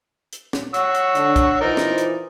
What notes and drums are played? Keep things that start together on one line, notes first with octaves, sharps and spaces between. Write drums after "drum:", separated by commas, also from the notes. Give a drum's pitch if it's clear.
drum: hi-hat
drum: snare
F#4 C#5 E6, drum: hi-hat
drum: hi-hat
D3 D4, drum: hi-hat
drum: kick, hi-hat
E3 D#4 F4 A#4 C5 D5
drum: snare
drum: hi-hat